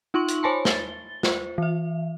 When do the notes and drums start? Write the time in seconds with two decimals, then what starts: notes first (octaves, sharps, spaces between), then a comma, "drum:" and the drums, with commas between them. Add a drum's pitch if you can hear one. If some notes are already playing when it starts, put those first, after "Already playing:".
0.14 D#4 F4 C6 C#6 F#7
0.28 drum: hi-hat
0.43 C5 C#5 G#5 A5 B5 C6
0.65 A6 G7, drum: snare
1.23 F4 C5, drum: snare
1.58 E3 E5